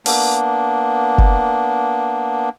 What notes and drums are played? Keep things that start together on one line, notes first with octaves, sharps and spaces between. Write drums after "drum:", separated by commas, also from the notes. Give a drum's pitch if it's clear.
A#3 B3 D4, drum: open hi-hat
drum: kick F#1